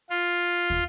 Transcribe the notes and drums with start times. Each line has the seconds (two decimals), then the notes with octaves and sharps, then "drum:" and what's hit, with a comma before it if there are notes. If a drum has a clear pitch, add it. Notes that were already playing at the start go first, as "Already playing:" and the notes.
0.10 F4
0.70 drum: kick